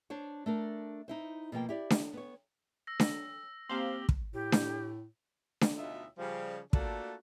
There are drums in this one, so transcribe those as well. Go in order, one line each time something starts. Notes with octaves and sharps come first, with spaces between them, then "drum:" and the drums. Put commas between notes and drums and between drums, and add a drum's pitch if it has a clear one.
D4 C5 C#5
A3 D4 A#4
D#4 E4 C5
B2 F3 A#3 G5
E4 G4 D5
drum: snare D4
B3 C#5
E6 A#6
drum: snare D4
A#3 C4 G4 C5 F5 A#5 F#7 G7
drum: kick
A2 G4
drum: snare D4
drum: snare D4
D2 B2 D#4 F4 D#5 E5
C#3 F3 G3
A3 A#3 D4 F4 F#4 A4, drum: kick